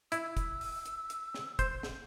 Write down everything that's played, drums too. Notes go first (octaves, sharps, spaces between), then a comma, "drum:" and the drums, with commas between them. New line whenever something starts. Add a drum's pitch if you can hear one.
E4 E6, drum: hi-hat
drum: kick, hi-hat
drum: open hi-hat
drum: hi-hat
drum: hi-hat
drum: snare
C5, drum: kick, hi-hat
drum: snare